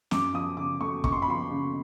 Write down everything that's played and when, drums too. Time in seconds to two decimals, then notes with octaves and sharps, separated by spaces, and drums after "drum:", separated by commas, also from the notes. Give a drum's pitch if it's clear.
0.11 F#2 D6, drum: snare
0.34 F3 D#6
0.57 C#3 D6
0.81 A3 C#6
1.04 F#2 C#6, drum: kick
1.12 C6
1.22 B5
1.28 F3 C6
1.51 C#3